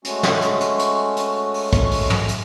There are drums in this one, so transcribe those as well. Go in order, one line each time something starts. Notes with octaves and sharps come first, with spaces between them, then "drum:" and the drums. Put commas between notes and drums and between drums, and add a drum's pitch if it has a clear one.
G#3 A3 C#4 F#4, drum: hi-hat
drum: snare
drum: hi-hat
drum: hi-hat
drum: hi-hat
drum: hi-hat
drum: open hi-hat
drum: kick, hi-hat
drum: open hi-hat
drum: tom
drum: hi-hat